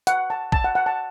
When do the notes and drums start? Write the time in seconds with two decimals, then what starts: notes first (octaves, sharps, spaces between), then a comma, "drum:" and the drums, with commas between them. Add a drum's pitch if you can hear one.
0.07 F#5, drum: hi-hat
0.30 A5
0.52 A5, drum: kick
0.64 F#5
0.75 F#5
0.86 A5